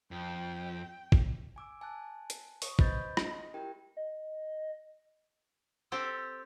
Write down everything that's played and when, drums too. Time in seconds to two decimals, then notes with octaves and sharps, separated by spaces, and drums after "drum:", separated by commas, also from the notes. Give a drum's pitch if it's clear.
0.11 F2 G5
1.12 drum: kick
1.56 G#5 D6 E6
1.81 G#5 A5 F#6
2.30 drum: hi-hat
2.62 C#6 D#6, drum: open hi-hat
2.79 B4 C5 D#5 B5 G6 A6, drum: kick
3.17 D#5, drum: rim click
3.54 E4 G4 A#4 G5
3.97 D#5
5.92 C4 G4 A4 E6